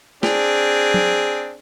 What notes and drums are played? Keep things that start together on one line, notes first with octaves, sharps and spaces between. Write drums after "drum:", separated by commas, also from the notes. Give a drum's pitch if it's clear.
C4 D4 G#4, drum: snare
drum: tom F#3